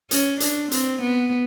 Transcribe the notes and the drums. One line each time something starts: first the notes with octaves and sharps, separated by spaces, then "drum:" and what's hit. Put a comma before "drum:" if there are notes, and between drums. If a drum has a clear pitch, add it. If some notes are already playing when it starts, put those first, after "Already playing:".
C#4, drum: hi-hat
D4, drum: hi-hat
C4, drum: hi-hat
B3